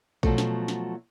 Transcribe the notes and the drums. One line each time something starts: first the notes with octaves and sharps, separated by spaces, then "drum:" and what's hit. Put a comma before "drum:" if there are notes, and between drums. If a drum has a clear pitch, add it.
B2 F3 F#3 A3, drum: kick A#1
drum: snare
drum: snare